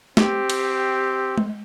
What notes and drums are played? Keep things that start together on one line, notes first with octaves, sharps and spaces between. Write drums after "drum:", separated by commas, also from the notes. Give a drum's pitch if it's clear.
C4 G4, drum: snare
drum: cymbal
drum: tom G#3